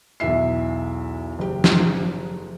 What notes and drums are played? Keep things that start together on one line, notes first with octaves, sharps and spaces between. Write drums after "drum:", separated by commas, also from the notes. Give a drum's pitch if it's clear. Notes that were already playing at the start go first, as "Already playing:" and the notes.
B1 E2 E4 E5 C7
F#1 G4
drum: snare